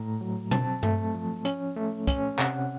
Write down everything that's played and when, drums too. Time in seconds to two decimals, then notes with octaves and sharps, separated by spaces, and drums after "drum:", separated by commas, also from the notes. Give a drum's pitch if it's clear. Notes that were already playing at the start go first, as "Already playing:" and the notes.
Already playing: A2 A3 A#5
0.21 F#3
0.51 C4 A5, drum: tom B2
0.83 A3, drum: tom G2
1.15 F3
1.45 C#4, drum: hi-hat
1.77 A3
2.07 C#4, drum: kick, hi-hat
2.39 C3 F#5, drum: clap